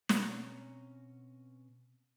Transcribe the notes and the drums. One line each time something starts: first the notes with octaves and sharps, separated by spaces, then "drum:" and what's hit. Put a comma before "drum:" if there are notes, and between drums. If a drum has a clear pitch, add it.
B2 C4 C#4 G#5 A#5, drum: snare